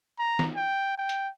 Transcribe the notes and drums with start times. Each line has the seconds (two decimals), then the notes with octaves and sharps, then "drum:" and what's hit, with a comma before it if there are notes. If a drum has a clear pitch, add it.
0.18 A#5
0.39 drum: snare
0.56 G5
0.98 G5
1.09 drum: hi-hat